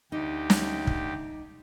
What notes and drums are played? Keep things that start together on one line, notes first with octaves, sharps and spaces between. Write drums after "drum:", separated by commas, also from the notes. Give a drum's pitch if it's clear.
D2 D#4 G4
drum: snare
drum: kick